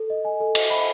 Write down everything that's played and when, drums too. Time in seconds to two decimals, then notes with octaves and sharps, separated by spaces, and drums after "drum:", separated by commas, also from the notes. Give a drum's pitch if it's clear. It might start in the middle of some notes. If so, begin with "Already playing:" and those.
Already playing: A4
0.10 D#5
0.25 G#5
0.40 A4
0.55 D#5, drum: cymbal
0.70 B5